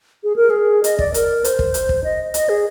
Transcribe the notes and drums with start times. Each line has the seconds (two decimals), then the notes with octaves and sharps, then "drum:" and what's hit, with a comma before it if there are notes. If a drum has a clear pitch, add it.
0.24 G#4
0.36 A#4
0.50 G#4
0.84 D#5, drum: hi-hat
0.99 D5, drum: kick
1.14 A#4, drum: hi-hat
1.44 C5, drum: hi-hat
1.59 drum: kick
1.74 drum: hi-hat
1.89 drum: kick
2.04 D#5
2.34 D#5, drum: hi-hat
2.49 G#4